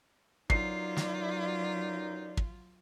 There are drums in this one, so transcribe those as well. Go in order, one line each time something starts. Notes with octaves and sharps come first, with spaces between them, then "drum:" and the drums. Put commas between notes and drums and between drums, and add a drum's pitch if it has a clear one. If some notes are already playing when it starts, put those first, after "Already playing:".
F#2 E3 F#3 D#4 F4 D5 C7, drum: kick
drum: snare
drum: kick